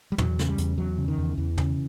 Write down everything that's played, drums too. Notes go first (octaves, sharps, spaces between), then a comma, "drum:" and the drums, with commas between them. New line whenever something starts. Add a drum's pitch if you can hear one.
G3
E2 F#3, drum: tom
C#3, drum: snare
G3
E2, drum: hi-hat
E2 F#3
C#3
D#3
E2
E2 E3
C#3, drum: tom